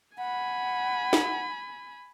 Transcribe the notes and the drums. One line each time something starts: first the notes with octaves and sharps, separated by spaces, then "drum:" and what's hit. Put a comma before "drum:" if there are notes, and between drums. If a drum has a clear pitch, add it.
F#5 G#5 B5
drum: snare